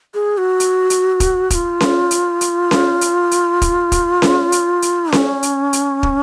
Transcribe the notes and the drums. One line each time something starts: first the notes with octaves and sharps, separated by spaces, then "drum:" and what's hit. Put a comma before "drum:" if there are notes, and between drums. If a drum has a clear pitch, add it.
G#4
F#4
drum: hi-hat
drum: hi-hat
drum: kick, hi-hat
F#4, drum: kick, hi-hat
F4
drum: snare C#4
drum: hi-hat
drum: hi-hat
drum: snare C#4
drum: hi-hat
drum: hi-hat
drum: kick, hi-hat
drum: kick, hi-hat
drum: snare C#4
drum: hi-hat
drum: hi-hat
C#4, drum: snare C#4
drum: hi-hat
drum: hi-hat
drum: kick